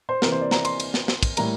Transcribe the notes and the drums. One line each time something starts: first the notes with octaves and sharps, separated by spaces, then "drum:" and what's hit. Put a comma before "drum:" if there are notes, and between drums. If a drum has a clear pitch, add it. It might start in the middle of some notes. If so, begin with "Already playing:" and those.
C5
C3 E3 A#3 A#4, drum: snare
C5
D5
A#5, drum: snare
C6, drum: cymbal
drum: cymbal
drum: snare
drum: snare
drum: kick, cymbal
A2 G3 A#3 A#5, drum: cymbal